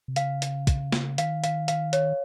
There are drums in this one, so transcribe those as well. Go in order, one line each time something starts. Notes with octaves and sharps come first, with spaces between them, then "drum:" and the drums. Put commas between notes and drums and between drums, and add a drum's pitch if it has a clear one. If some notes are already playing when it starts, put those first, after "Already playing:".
C3
C#3 F5, drum: hi-hat
drum: hi-hat
drum: kick, hi-hat
drum: snare
D#3 F5, drum: hi-hat
F5, drum: hi-hat
F5, drum: hi-hat
C#5, drum: hi-hat